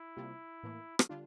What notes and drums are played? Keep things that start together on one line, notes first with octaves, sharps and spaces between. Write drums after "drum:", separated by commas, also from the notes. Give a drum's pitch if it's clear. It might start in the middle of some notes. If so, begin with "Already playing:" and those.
Already playing: E4
C3 G3 A#3 F4
A2 E3 A#3
drum: rim click
D3 G3 D4 F4